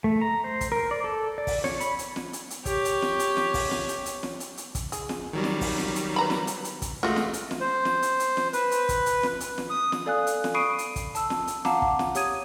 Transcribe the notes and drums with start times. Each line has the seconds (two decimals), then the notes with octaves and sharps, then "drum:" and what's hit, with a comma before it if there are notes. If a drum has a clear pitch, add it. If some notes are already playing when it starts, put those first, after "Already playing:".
0.04 A3
0.21 A#5
0.44 C5
0.61 drum: kick, hi-hat
0.72 A#4
0.91 D5
1.04 A4
1.38 D5
1.47 drum: kick, open hi-hat
1.64 C#5, drum: snare
1.80 B5, drum: hi-hat
1.99 drum: hi-hat
2.16 drum: snare
2.33 drum: hi-hat
2.50 drum: hi-hat
2.65 G4 C#5, drum: kick, hi-hat
2.85 drum: hi-hat
3.02 drum: snare
3.19 drum: hi-hat
3.37 drum: snare
3.54 drum: kick, open hi-hat
3.71 drum: snare
3.88 drum: hi-hat
4.06 drum: hi-hat
4.23 drum: snare
4.40 drum: hi-hat
4.57 drum: hi-hat
4.75 drum: kick, hi-hat
4.92 G#4, drum: hi-hat
5.09 drum: snare
5.33 D#3 F#3 G3
5.44 drum: snare
5.61 drum: kick, open hi-hat
5.78 drum: snare
5.95 drum: hi-hat
6.16 B4 A#5 B5
6.30 drum: snare
6.47 drum: hi-hat
6.64 drum: hi-hat
6.82 drum: kick, hi-hat
7.03 G#3 A3 F4 F#4 D#5
7.16 drum: snare
7.33 drum: hi-hat
7.51 drum: snare
7.61 C5
7.85 drum: snare
8.02 drum: hi-hat
8.20 drum: hi-hat
8.37 drum: snare
8.53 B4, drum: hi-hat
8.71 drum: hi-hat
8.89 drum: kick, hi-hat
9.06 drum: hi-hat
9.23 drum: snare
9.40 drum: hi-hat
9.58 drum: snare
9.70 D#6
9.92 drum: snare
10.06 A4 D5 F5 G#5 D#6 F#6
10.27 drum: hi-hat
10.44 drum: snare
10.54 B5 C#6 D#6 C7 D7 D#7
10.78 drum: hi-hat
10.96 drum: kick, hi-hat
11.15 A5 E6, drum: hi-hat
11.30 drum: snare
11.47 drum: hi-hat
11.65 F5 F#5 A5 A#5 D6, drum: snare
11.82 drum: kick
11.99 drum: snare
12.15 G4 C#5 D#6 G#6 D#7, drum: hi-hat